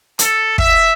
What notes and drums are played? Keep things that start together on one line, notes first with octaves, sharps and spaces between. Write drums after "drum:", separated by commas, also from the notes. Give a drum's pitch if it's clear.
A4, drum: hi-hat
E5, drum: kick